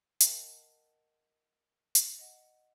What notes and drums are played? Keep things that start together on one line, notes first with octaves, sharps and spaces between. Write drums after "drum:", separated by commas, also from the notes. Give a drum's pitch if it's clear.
A#4 D#5 F#5 G5 A5, drum: hi-hat
drum: hi-hat
D#5 F#5